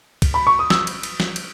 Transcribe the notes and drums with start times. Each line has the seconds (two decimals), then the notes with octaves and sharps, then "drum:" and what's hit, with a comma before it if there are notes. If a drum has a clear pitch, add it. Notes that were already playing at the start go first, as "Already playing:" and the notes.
0.22 drum: kick, cymbal
0.34 B5
0.47 C#6
0.59 D#6
0.70 E6, drum: snare
0.87 drum: cymbal
1.03 drum: cymbal
1.20 drum: snare
1.36 drum: cymbal